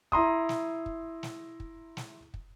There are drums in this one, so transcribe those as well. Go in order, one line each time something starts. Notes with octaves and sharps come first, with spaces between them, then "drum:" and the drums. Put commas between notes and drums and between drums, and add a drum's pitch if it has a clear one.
E4 A#5 C6 D#6, drum: kick
drum: snare
drum: kick
drum: snare
drum: kick
drum: snare
drum: kick